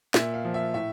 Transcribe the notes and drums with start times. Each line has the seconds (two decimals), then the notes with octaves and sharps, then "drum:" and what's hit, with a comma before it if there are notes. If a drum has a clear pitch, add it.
0.14 A#2 E5, drum: snare
0.34 F5
0.45 F3
0.54 E5
0.74 A2 E5